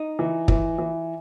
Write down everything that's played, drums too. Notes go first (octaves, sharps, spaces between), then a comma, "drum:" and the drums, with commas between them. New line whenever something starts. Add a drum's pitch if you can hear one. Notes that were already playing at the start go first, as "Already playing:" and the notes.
Already playing: D#4
E3
E3, drum: kick
E3